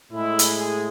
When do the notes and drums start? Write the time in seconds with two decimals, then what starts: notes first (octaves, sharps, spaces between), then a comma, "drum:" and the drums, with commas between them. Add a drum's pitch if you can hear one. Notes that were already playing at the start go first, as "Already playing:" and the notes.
0.12 A2 G#3 E4
0.39 drum: hi-hat
0.57 G#4